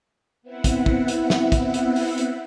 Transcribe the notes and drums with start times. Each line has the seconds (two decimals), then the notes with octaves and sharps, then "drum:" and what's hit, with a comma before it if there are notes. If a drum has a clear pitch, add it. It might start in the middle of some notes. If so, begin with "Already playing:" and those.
0.42 B3 C4 E4 E5 F#5
0.64 drum: kick, hi-hat
0.86 drum: kick
1.08 drum: hi-hat
1.30 drum: snare
1.52 drum: kick, hi-hat
1.74 drum: hi-hat
1.96 drum: open hi-hat
2.18 drum: hi-hat